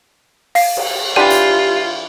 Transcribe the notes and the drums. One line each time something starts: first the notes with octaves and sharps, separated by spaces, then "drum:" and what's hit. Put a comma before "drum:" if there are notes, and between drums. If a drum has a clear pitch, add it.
F5 C7, drum: open hi-hat
drum: cymbal
E3 D4 F4 G4 F#5 C6 D#7
drum: hi-hat